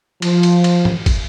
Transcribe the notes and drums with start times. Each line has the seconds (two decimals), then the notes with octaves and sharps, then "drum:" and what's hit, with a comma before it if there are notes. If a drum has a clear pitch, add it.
0.22 F3, drum: cymbal
0.43 drum: cymbal
0.64 drum: cymbal
0.85 drum: tom
1.06 drum: kick, cymbal